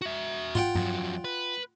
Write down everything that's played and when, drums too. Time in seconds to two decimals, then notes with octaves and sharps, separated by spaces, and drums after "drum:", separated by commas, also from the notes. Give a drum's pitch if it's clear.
0.01 F#4 E5
0.55 F4 F#5 G5, drum: tom
0.75 F2 F#3, drum: tom G2
1.24 B4